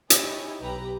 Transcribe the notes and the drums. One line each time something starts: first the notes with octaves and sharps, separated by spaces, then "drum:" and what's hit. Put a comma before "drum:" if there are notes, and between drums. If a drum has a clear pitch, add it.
D#4 E4 G4 C#5 D#5 G#5, drum: hi-hat
B1 G4 B4 A#5